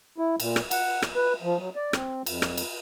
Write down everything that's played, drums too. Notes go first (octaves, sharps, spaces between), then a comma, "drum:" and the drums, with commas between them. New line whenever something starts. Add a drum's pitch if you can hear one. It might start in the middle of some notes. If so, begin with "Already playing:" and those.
E4
A#2, drum: cymbal
drum: rim click
F#5, drum: cymbal
drum: rim click
B4
F3
F#3
D5
C4, drum: rim click
F2, drum: cymbal
drum: rim click
drum: cymbal